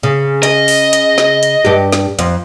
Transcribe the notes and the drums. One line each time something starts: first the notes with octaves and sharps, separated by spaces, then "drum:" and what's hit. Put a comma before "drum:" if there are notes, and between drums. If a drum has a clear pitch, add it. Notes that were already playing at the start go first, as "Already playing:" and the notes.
C#3
D#5, drum: hi-hat
drum: open hi-hat
drum: hi-hat
drum: snare
drum: hi-hat
G2 G4
drum: snare
F2, drum: hi-hat